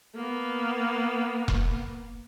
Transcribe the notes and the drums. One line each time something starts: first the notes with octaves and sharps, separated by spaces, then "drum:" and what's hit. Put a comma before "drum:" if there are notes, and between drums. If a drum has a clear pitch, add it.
A#3 B3
drum: kick E1